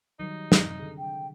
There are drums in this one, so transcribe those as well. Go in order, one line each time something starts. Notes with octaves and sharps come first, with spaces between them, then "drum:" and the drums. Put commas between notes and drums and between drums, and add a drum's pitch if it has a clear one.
D#3 F#3 G3 D#4
C3, drum: snare
D3 G#4
G5